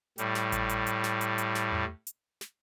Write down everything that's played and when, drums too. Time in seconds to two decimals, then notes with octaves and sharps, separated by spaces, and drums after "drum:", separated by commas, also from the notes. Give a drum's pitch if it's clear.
0.18 A2 G3, drum: hi-hat
0.35 drum: snare
0.52 drum: kick G#1, hi-hat
0.69 drum: hi-hat
0.87 drum: hi-hat
1.04 drum: snare
1.21 drum: hi-hat
1.38 drum: hi-hat
1.55 drum: snare
1.72 drum: tom E2
2.07 drum: hi-hat
2.41 drum: snare